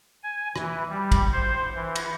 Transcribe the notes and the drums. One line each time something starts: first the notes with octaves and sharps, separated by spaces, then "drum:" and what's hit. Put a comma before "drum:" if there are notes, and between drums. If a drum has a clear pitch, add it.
G#5
E3, drum: rim click
G3
drum: kick A1, cymbal
C5
E3
drum: cymbal